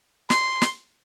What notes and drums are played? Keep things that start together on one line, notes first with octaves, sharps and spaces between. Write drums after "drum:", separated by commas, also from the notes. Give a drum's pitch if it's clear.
C6, drum: snare
drum: snare